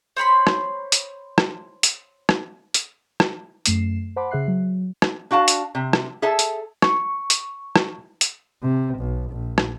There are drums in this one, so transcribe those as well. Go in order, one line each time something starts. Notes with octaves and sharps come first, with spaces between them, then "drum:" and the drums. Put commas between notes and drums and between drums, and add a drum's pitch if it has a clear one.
C5 C#5 B5 C6
drum: rim click
drum: hi-hat
drum: rim click
drum: hi-hat
drum: rim click
drum: hi-hat
drum: rim click
F#2 A3 C7 E7, drum: hi-hat
C5 F#5 A5 B5 C6 D6
C#3 G#4 E5 F#6 C7
F#3
drum: rim click
D4 F#4 F5 A5
drum: hi-hat
C3
drum: rim click
G#4 A4 E5 A5
drum: hi-hat
C#6, drum: rim click
drum: hi-hat
drum: rim click
drum: hi-hat
C3
B1
A#1
drum: rim click